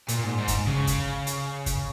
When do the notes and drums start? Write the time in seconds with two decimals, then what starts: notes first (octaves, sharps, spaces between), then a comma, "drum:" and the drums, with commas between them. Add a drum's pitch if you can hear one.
0.08 A#2, drum: hi-hat
0.24 G#2
0.38 G#2
0.48 drum: kick, hi-hat
0.67 C#3
0.87 drum: kick, hi-hat
1.27 drum: hi-hat
1.66 drum: kick, hi-hat